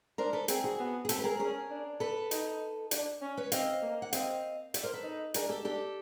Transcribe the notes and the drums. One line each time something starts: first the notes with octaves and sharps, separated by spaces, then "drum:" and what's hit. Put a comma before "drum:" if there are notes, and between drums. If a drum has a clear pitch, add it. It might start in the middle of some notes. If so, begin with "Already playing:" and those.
D4 A#4 C5
A4 B4
C4 G#4 A#4, drum: hi-hat
F#4 G#4
B3
G#4
C4 G4 A4, drum: hi-hat
B4
G#4 A#4
C#4 G#4 A#4
D4
A4 B4
D#4, drum: hi-hat
D4, drum: hi-hat
C#4
B4 C#5
C4 D#5 F5, drum: hi-hat
A#3
F#5
C4 D#5 F5, drum: hi-hat
D5 E5, drum: hi-hat
A#4 C5
A4 B4
D#4
D4 G#4 A#4, drum: hi-hat
G4 A4
D4 G4 A4